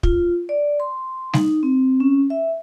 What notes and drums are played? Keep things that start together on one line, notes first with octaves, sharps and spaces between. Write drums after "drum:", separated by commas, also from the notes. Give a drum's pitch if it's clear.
F4, drum: kick
D5
C6
D#4, drum: snare G3
C4
C#4
E5